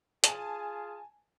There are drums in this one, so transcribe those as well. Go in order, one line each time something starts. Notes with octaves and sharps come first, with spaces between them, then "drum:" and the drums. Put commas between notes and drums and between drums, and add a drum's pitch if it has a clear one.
F4 G#4 G#5 A5, drum: hi-hat